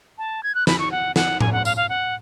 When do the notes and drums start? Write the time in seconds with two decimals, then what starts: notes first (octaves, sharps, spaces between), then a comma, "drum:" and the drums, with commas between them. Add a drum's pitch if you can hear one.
0.18 A5
0.43 G#6
0.55 F#6
0.67 B5, drum: snare
0.79 C#6
0.91 F#5
1.16 F#5, drum: snare
1.41 G#5, drum: tom A2
1.52 F#5
1.65 F5, drum: tambourine
1.77 F5
1.89 F#5